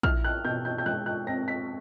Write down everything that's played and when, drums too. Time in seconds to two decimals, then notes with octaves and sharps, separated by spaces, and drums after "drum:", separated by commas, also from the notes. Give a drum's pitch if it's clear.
0.03 E4 F6, drum: kick A#1
0.24 F#6
0.44 B2 G6
0.65 G6
0.78 G6
0.86 G#3 F#6
1.06 F#6
1.27 C4 A#6
1.48 B6